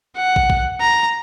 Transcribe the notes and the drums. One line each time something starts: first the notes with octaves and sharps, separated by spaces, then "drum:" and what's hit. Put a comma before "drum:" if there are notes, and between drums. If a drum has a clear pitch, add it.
F#5
drum: kick
drum: kick
A#5